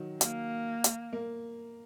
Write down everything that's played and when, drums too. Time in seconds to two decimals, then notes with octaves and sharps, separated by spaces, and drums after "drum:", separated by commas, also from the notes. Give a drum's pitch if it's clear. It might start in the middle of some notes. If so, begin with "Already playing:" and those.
Already playing: D#3 F#3
0.21 A#3, drum: hi-hat
0.84 drum: hi-hat
1.13 A#3